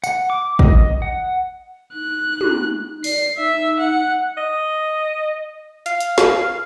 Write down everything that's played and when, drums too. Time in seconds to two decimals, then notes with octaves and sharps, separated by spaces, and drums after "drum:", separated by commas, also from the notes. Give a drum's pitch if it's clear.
0.04 F#5, drum: tambourine
0.30 D6
0.59 D#5, drum: kick
1.02 F#5
1.94 D#4 F#6
2.41 drum: tom
3.04 D5 C7, drum: open hi-hat
3.38 D#4 E5
3.79 F#5
4.37 D#5
5.86 F5, drum: hi-hat
6.00 drum: hi-hat
6.18 drum: snare